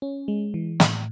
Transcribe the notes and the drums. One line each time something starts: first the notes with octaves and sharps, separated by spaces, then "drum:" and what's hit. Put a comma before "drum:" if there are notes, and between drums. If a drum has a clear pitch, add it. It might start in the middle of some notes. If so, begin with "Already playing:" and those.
C#4
G#3
E3
A2, drum: snare